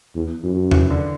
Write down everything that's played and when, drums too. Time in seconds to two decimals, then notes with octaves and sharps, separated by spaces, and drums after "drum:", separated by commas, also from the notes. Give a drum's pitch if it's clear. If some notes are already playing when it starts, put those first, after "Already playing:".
0.15 E2
0.44 F#2
0.71 E3, drum: tom E2
0.90 D3